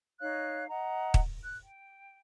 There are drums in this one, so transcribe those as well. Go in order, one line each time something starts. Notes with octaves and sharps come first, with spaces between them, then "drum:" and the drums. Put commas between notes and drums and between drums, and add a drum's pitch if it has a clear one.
D#4 C#5 F5 F#6
D#5 F#5 A#5
drum: kick
F#6
G5